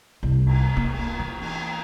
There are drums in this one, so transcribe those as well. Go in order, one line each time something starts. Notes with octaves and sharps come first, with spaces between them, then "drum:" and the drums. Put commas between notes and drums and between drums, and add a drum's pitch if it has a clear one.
C2
drum: cymbal
A#3
drum: cymbal
E3
drum: cymbal